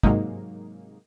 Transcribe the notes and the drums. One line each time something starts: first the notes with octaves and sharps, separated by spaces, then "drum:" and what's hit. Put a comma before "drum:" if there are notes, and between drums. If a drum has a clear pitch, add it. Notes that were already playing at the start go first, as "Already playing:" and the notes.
G#2 C3 F#3 G#3 A#3 D#4, drum: kick